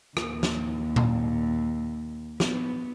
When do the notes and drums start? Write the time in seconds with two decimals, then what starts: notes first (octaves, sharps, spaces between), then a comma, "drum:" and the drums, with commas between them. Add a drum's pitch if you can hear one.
0.17 D#2, drum: rim click
0.43 drum: snare
0.96 drum: tom A#2
2.40 B3, drum: snare